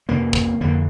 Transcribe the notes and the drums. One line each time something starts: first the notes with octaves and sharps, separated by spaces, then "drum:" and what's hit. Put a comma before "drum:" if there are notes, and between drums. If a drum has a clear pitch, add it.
F2 C3 A#3
drum: kick
F2 D3 A#3